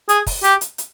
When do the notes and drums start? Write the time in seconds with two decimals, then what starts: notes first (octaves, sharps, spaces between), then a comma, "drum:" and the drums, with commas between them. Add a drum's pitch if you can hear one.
0.09 G#4, drum: hi-hat
0.27 drum: kick, open hi-hat
0.44 G4, drum: hi-hat
0.61 drum: hi-hat
0.78 drum: hi-hat